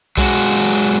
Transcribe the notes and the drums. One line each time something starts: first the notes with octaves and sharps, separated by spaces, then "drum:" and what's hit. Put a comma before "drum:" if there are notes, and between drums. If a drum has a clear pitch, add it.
F#3 G#3 F#4, drum: kick B1
drum: cymbal